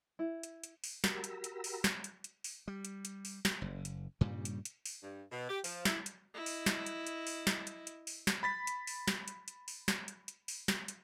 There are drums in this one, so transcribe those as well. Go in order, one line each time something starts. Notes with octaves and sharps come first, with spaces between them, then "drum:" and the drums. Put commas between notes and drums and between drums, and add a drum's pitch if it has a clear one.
E4
drum: hi-hat
drum: hi-hat
drum: open hi-hat
F#4 G4 A#4 A#5 B5 E6, drum: snare
drum: hi-hat
drum: hi-hat
drum: open hi-hat
drum: snare
drum: hi-hat
drum: hi-hat
drum: open hi-hat
G3
drum: hi-hat
drum: hi-hat
drum: open hi-hat
drum: snare
F#1
drum: hi-hat
G2 A#2 C#3 G3
drum: hi-hat
drum: hi-hat
drum: open hi-hat
G2
B2
G4
F3, drum: open hi-hat
E4, drum: snare
drum: hi-hat
E4 D#5
drum: open hi-hat
drum: snare
drum: hi-hat
drum: hi-hat
drum: open hi-hat
drum: snare
drum: hi-hat
drum: hi-hat
drum: open hi-hat
drum: snare
B5 A6 B6
drum: hi-hat
drum: open hi-hat
drum: snare
drum: hi-hat
drum: hi-hat
drum: open hi-hat
drum: snare
drum: hi-hat
drum: hi-hat
drum: open hi-hat
drum: snare
drum: hi-hat